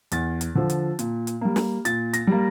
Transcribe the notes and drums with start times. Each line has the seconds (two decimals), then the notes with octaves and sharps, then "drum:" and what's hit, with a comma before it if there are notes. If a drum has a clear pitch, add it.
0.12 E2 A6, drum: hi-hat
0.41 drum: hi-hat
0.55 D3 F3
0.70 drum: hi-hat
0.99 A#2, drum: hi-hat
1.27 drum: hi-hat
1.41 G3 A#3
1.56 drum: snare
1.85 A#2 A6, drum: hi-hat
2.13 A#6, drum: hi-hat
2.27 G3 A#3